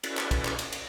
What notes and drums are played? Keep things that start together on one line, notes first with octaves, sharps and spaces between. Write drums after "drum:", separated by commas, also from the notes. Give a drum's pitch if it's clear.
C#4 E4 F#4 A4 B4 D5, drum: cymbal
drum: clap
drum: kick, cymbal
drum: clap
drum: cymbal
drum: cymbal